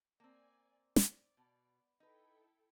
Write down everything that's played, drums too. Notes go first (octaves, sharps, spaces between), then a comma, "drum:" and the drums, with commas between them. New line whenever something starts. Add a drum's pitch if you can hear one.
A#3 C4 D5 G#5
D5, drum: snare
B2
D#4 E4 A4 B4 G5